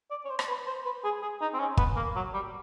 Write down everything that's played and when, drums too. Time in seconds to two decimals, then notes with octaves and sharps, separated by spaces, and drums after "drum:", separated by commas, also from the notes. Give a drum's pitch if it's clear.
0.11 D5
0.25 C#5
0.30 C5
0.39 drum: rim click
0.48 B4
0.66 C5
0.85 B4
1.04 G#4
1.22 G#4
1.41 D#4
1.54 C4
1.60 C#4
1.77 B3, drum: kick
1.96 A#3
2.15 F#3
2.34 G3